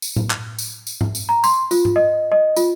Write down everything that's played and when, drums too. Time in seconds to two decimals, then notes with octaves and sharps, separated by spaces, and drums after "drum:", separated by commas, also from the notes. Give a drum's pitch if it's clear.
0.02 drum: tambourine
0.16 drum: tom A2
0.30 drum: clap
0.59 drum: tambourine
0.87 drum: tambourine
1.01 drum: tom G#2
1.15 drum: tambourine
1.29 A#5
1.44 C6, drum: tambourine
1.71 F4, drum: tambourine
1.85 drum: tom G#2
1.96 D#5
2.32 D#5
2.56 F4, drum: tambourine